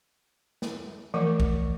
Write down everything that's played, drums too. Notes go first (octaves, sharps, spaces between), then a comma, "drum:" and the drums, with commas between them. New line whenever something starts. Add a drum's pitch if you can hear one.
drum: snare
E3 F3 A3 A#4 D6
drum: kick B1